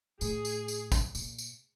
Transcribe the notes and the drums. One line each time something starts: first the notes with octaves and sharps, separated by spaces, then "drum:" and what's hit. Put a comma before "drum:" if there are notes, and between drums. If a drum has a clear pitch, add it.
A2 G#4, drum: tambourine
drum: tambourine
drum: tambourine
drum: kick, tambourine
A#2, drum: tambourine
drum: tambourine